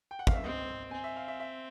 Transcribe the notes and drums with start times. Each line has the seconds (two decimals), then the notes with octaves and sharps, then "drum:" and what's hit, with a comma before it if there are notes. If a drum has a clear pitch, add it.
0.11 G5
0.19 F#5
0.27 F5, drum: kick
0.35 E5
0.44 C4 D#5
0.91 C4 G#5
1.04 E5
1.16 F5
1.28 E5
1.40 E5